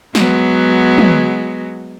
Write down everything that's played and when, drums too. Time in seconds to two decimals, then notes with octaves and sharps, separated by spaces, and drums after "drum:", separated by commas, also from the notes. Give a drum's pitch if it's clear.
0.15 F#3 G#3 B3, drum: snare
0.98 drum: tom